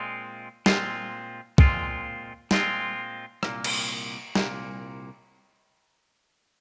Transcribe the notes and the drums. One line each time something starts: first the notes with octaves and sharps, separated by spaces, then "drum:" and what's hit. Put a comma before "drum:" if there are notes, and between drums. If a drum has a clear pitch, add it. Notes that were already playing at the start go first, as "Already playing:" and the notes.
Already playing: A#2 G#3 C4 F4
A#2 G#3 C4 F4, drum: snare
A#2 G#3 C4 F4, drum: kick
A#2 G#3 C4 F4, drum: snare
C2 A#2 A#3, drum: rim click
drum: cymbal
C2 A#2 A#3, drum: snare